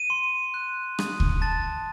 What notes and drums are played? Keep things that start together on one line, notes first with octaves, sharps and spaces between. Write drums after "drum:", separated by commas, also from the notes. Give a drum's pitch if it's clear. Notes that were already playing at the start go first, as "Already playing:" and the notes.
Already playing: D#7
C6
F#6
D#6, drum: rim click
drum: kick C#2
A5 A6